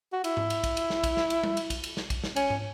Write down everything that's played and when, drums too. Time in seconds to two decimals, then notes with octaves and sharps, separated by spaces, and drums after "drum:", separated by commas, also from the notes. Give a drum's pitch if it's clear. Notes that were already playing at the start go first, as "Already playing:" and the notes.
0.13 F#4
0.24 E4, drum: cymbal
0.37 drum: tom G#2
0.50 drum: cymbal
0.64 drum: kick A#1, cymbal
0.77 drum: cymbal
0.90 drum: snare
1.04 drum: kick A#1, cymbal
1.17 drum: snare
1.30 drum: cymbal
1.44 drum: tom G3
1.57 drum: cymbal
1.70 drum: kick A#1, cymbal
1.84 drum: cymbal
1.97 drum: snare
2.10 drum: kick A#1, cymbal
2.24 drum: snare
2.36 C#4, drum: cymbal
2.50 drum: tom G#2